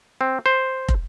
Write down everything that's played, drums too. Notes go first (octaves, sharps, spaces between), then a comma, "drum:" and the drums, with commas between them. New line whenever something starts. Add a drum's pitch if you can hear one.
C4
C5
drum: kick